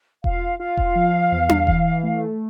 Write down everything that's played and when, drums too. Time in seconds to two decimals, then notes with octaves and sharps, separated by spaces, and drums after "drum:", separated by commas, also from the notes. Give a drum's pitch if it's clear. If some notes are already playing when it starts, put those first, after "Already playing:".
0.24 F4 F5, drum: kick E1
0.59 F4 F5
0.77 drum: kick E1
0.95 F3
1.32 E2
1.49 drum: tom D4
1.67 E3, drum: kick E1
2.03 A3